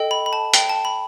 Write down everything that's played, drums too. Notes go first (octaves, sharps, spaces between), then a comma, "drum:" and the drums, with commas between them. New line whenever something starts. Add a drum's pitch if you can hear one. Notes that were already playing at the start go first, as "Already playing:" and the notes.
Already playing: A4 D#5 G5
B5
B5
A5
G5, drum: hi-hat
A5
B5